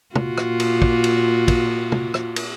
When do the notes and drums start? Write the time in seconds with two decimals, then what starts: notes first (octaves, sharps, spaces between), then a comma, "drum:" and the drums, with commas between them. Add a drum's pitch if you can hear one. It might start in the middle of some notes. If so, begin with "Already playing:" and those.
0.15 A#2 F4 F#4, drum: tom
0.38 drum: rim click
0.60 drum: cymbal
0.82 drum: kick
1.04 drum: cymbal
1.48 drum: kick, cymbal
1.92 drum: tom
2.14 drum: rim click
2.36 drum: cymbal